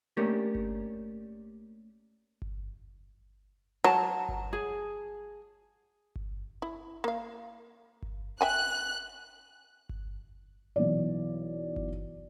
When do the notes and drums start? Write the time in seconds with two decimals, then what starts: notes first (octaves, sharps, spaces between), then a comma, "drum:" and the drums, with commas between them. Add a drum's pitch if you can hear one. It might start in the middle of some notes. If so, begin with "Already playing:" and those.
0.17 A3 A#3 C#4 D4 G4 A#4
0.55 drum: kick G1
2.42 drum: kick G1
3.84 F#3 F#5 A5 A#5
4.29 drum: kick G1
4.53 G#4
6.16 drum: kick G1
6.62 E4
7.04 A#3 F5
8.02 drum: kick G1
8.41 E5 G5 G#5 F#6
9.89 drum: kick G1
10.76 B1 E3 D5
11.76 drum: kick G1